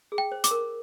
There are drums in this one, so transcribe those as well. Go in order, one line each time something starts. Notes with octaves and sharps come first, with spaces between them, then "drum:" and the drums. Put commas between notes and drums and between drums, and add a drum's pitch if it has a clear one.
G#4
G5
C5
D6, drum: hi-hat
A#4